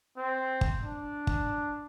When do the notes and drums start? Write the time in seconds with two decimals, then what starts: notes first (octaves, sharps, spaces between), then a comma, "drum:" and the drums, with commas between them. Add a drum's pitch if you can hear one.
0.17 C4
0.61 drum: kick
0.83 D4
1.27 drum: kick